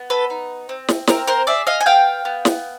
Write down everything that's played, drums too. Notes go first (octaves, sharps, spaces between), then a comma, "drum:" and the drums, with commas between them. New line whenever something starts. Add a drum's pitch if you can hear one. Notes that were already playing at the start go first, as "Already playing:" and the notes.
Already playing: B3
A4 B4
D#4
C4
drum: snare
C4 A#4, drum: snare
A#4 C5
G#4 D5 E5
D#5 F5
G#5
B3 F5 G5
B3
drum: snare